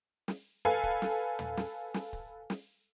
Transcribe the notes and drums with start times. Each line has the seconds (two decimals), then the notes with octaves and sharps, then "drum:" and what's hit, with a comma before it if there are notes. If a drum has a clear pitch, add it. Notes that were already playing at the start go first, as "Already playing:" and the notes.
0.28 drum: snare
0.65 A4 B4 F5 G#5
0.83 drum: kick D1
1.02 drum: snare
1.39 drum: tom
1.57 drum: snare
1.94 drum: snare
2.13 drum: kick D1
2.50 drum: snare